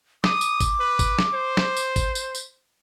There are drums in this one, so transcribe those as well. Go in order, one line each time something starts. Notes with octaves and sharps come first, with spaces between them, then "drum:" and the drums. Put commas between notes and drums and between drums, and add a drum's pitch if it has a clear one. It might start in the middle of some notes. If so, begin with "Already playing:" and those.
D6 D#6, drum: snare
drum: tambourine
drum: kick G#1, tambourine
B4
drum: kick G#1, tambourine
drum: snare
C5
drum: snare
drum: tambourine
drum: kick G#1, tambourine
drum: tambourine
drum: tambourine